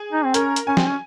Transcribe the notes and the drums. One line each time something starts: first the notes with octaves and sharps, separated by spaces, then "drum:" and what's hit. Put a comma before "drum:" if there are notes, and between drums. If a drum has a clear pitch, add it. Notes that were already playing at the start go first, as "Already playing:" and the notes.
Already playing: G#4
D#4
C4
C#4 A#4, drum: hi-hat
drum: hi-hat
C#4 G#5
C4, drum: snare
C#4